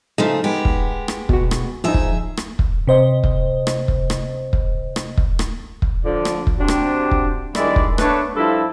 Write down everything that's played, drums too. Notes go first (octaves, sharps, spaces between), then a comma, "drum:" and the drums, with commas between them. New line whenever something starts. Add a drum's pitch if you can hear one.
C#3 F3 A3 D#4
G#3 B3 G4
drum: kick
drum: rim click
B2 F#4, drum: kick
drum: rim click
F3 D#4 G#4 E5
drum: kick
drum: rim click
drum: kick
C3 C5 D#5
drum: kick
drum: rim click
drum: kick
drum: rim click
drum: kick
drum: rim click
drum: kick
drum: rim click
drum: kick
D3 F3 D5
drum: rim click
drum: kick
C3 C4 D4 F#4 G4
drum: rim click
drum: kick
G2 D#3 G#3 E4 D5, drum: rim click
drum: kick
A3 B3 D4 B4 C#5 A5, drum: rim click
G2 F3 E4 A4 B5